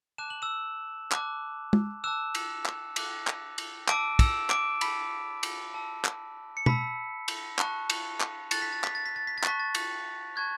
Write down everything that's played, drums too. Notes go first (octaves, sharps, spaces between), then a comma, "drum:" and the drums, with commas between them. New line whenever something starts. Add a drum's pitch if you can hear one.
A5 D6 F#6 E7
F#7
E6 E7
A5 D6 F#6, drum: clap
drum: tom
A5 D6 E6 F#6 E7
drum: cymbal
drum: clap
A5 D6 F#6, drum: cymbal
drum: clap
drum: cymbal
A5 D6 E6 D7, drum: clap
E6 E7, drum: kick, cymbal
D6 D7, drum: clap
A5 B5 E6 B6, drum: cymbal
drum: cymbal
A5 E6
drum: clap
C#7
A5 B5 E6 B6, drum: tom B2
drum: cymbal
A5 C#6 F#6, drum: clap
drum: cymbal
drum: clap
A5 C#6 F#6 A6, drum: cymbal
B6
A6
B6, drum: clap
A6
B6
A6
B6
A6
A5 C#6 F#6 B6, drum: clap
A6
drum: cymbal
A5 C#6 F#6 G#6